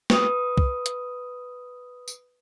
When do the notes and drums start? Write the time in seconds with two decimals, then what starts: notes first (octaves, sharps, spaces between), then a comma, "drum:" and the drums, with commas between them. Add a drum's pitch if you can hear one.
0.10 B4 D#6, drum: snare
0.57 drum: kick C2
0.86 drum: hi-hat
2.08 drum: tambourine